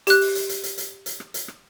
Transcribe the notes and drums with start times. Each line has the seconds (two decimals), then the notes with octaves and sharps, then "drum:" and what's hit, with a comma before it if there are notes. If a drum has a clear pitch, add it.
0.07 G4 F#6, drum: hi-hat
0.21 drum: open hi-hat
0.35 drum: hi-hat
0.49 drum: hi-hat
0.63 drum: hi-hat
0.78 drum: hi-hat
1.06 drum: hi-hat
1.20 drum: rim click
1.34 drum: hi-hat
1.48 drum: rim click